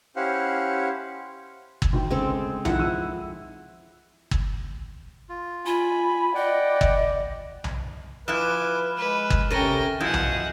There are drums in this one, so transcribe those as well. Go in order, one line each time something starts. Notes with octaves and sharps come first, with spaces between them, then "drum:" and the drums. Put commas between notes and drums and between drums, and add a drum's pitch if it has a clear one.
C#4 E4 G4 C5 F5 F#5
drum: kick G1
D2 D#3 G5
C#3 G#3 C4 A4
F2 D#3 E4 F#5, drum: tom B1
F3 E6 D#7
drum: kick G1
F4
F4 G#5 B5
D5 D#5 F#5 G5
drum: kick G1
drum: tom B1
F3 E4 B4 G#5 D6 F6 F#6 E7
G#3 B4
drum: kick G1
C3 C#4 A4 A#4 G5 A#6 D#7
B2 F3 E4 G#4 F#5 G6
drum: tom B1